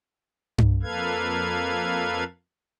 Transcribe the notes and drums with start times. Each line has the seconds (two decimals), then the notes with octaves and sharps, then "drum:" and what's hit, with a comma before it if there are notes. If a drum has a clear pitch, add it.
0.58 drum: tom G2
0.83 F2 A#3 A4 B4 F5 G#6